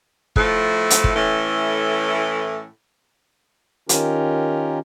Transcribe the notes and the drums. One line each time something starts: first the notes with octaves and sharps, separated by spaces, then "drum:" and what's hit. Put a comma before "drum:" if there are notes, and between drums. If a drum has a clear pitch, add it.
A2 F3 A3, drum: kick
drum: hi-hat
drum: kick
A2 E3 A3 C#4
D#3 C#4 F4 G4 A#4, drum: hi-hat